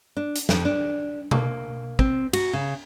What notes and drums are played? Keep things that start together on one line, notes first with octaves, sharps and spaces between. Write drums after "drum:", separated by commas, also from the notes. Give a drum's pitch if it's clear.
D4
drum: hi-hat
F2, drum: snare
D4
A#3, drum: tom B2
C4, drum: kick
F#4, drum: cymbal
C#3